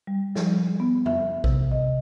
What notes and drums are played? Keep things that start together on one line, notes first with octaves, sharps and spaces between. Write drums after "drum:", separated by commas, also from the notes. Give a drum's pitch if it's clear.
G3
F3, drum: snare
B3
E5, drum: tom
C3, drum: kick A#1
D#5